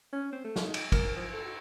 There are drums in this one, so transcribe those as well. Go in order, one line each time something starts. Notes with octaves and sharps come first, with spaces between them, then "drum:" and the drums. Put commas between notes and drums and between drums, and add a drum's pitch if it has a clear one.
C#4
C4
A3
drum: snare
D#4
drum: cymbal
A#4, drum: kick, cymbal
F3
A4
F#4